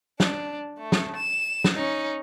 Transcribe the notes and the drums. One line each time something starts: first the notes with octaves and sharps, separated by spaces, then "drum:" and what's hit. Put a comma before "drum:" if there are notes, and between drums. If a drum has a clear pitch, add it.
D4, drum: snare
A3
drum: snare
E7
drum: snare
C#4 D#4